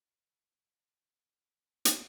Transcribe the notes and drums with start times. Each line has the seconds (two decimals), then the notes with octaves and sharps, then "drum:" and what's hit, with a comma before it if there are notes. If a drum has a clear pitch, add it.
0.06 F#4
0.14 E4
0.30 F#4
0.37 E4
1.85 drum: hi-hat